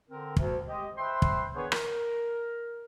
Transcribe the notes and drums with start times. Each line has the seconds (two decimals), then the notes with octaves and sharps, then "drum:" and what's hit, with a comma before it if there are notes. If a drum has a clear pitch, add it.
0.10 D3 C4 A#4
0.36 D2, drum: kick
0.67 G#3 G4 D#5
0.97 B4 C5 E5 G5 C6
1.22 drum: kick
1.55 D#3 B3 D4 G#4 B4 C#5
1.72 A#4, drum: rim click